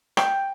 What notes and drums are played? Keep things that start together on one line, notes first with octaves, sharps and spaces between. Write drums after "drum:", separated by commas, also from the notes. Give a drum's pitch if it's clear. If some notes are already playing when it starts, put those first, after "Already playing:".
G5, drum: rim click